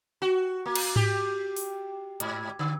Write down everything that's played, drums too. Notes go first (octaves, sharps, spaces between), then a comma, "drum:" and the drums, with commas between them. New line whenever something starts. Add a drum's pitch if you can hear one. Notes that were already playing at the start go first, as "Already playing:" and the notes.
F#4
A#3
drum: cymbal
G4, drum: tom G#2
drum: open hi-hat
G#2, drum: hi-hat
D3